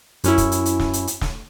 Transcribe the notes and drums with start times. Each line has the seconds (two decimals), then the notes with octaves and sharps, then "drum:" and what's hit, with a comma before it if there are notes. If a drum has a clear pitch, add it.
0.24 F#2 C#4 E4, drum: hi-hat
0.38 drum: kick, hi-hat
0.52 drum: hi-hat
0.66 drum: hi-hat
0.80 drum: snare
0.93 drum: hi-hat
1.07 drum: hi-hat
1.21 drum: snare